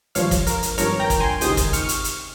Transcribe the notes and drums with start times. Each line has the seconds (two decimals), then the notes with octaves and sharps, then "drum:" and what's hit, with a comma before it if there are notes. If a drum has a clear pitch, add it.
0.15 G#1 G2 F3 C#5 F5, drum: hi-hat
0.31 drum: kick, hi-hat
0.47 A#4, drum: hi-hat
0.63 drum: hi-hat
0.78 G#1 G2 F3 A#4 C#5, drum: hi-hat
0.99 G5 A#5
1.10 drum: kick, hi-hat
1.20 G#5 C6
1.41 C#2 C3 D#3 D#6 G6, drum: hi-hat
1.57 drum: kick, hi-hat
1.73 C#6 F6, drum: hi-hat
1.89 drum: hi-hat
2.04 drum: hi-hat